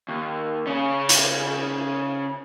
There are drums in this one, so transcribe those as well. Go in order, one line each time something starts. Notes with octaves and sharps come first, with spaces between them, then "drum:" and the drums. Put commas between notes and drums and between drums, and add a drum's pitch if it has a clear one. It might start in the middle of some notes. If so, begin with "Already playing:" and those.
D#2
C#3 C#4
drum: hi-hat